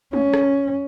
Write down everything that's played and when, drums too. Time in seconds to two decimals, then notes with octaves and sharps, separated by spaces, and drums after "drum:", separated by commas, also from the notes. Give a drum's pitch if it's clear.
0.13 C#4, drum: tom
0.34 drum: rim click